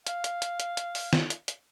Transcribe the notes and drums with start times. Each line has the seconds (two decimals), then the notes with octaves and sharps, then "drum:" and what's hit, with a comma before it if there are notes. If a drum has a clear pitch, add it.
0.07 F5, drum: hi-hat
0.24 drum: hi-hat
0.42 drum: hi-hat
0.60 drum: hi-hat
0.77 drum: hi-hat
0.95 drum: open hi-hat
1.13 drum: snare
1.30 drum: hi-hat
1.48 drum: hi-hat